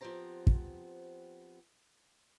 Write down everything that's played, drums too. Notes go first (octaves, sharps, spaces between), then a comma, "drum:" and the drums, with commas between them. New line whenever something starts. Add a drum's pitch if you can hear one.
F3 B3 C4 G4 C5 A#5
drum: kick